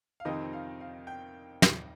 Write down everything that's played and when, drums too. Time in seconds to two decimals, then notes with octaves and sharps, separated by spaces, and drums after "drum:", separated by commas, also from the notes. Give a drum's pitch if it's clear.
0.20 F5
0.25 F2 C3 D#3 C4 D#4 D#5
0.53 F5
0.80 F5
1.07 G5
1.62 drum: snare